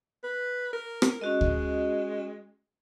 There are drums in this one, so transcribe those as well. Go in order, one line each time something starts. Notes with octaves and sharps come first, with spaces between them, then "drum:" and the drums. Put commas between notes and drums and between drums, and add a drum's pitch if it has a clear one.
B4
A#4
drum: rim click
G#3 C#4 F#4 D#5
drum: kick D2